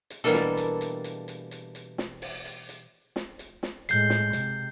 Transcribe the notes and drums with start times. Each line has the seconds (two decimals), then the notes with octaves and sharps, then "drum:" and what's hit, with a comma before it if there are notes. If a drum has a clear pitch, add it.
0.10 drum: hi-hat
0.24 B2 E3 G3 A#3 D4 A4
0.34 drum: snare
0.57 drum: hi-hat
0.81 drum: hi-hat
1.04 drum: hi-hat
1.28 drum: hi-hat
1.51 drum: hi-hat
1.75 drum: hi-hat
1.98 drum: snare
2.22 drum: open hi-hat
2.45 drum: hi-hat
2.69 drum: hi-hat
3.16 drum: snare
3.39 drum: hi-hat
3.63 drum: snare
3.89 A2 G#3 G6 C7, drum: hi-hat
4.10 drum: snare
4.33 C3, drum: hi-hat